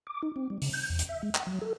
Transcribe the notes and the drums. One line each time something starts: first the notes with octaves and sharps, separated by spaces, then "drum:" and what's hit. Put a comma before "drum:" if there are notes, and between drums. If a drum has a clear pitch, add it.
D6
D#4
C4
G3
C#3, drum: open hi-hat
G6
E2
drum: hi-hat
E5
G#3
F#5, drum: clap
F#3
A4